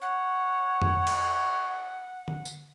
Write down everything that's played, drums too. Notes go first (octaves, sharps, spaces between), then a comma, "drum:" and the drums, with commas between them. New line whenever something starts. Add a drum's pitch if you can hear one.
C#5 F#5
drum: tom F2
drum: cymbal
drum: tom D3
drum: tambourine